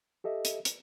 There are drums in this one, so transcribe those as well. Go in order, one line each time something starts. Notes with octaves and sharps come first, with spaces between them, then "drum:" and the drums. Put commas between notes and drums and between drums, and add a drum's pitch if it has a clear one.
G4 A4 D#5 E5
drum: hi-hat
drum: hi-hat